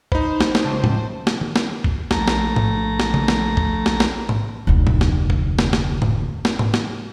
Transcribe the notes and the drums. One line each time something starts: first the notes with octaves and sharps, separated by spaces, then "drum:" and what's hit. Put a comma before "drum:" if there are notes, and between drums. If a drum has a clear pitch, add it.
D#4 C5 B5, drum: kick A1
drum: snare
drum: snare
C#2 A5
drum: tom A2
drum: snare
drum: tom D#3
drum: snare
drum: kick A1
A#1 A3 A#5, drum: snare
drum: snare
drum: tom G#2
drum: snare
drum: tom C#3
drum: snare
drum: kick A1
drum: snare
drum: snare
drum: tom G#2
F1 D2
drum: tom A2
drum: snare
drum: kick A1
drum: snare
drum: snare
drum: tom G#2
drum: snare
drum: tom G#2
drum: snare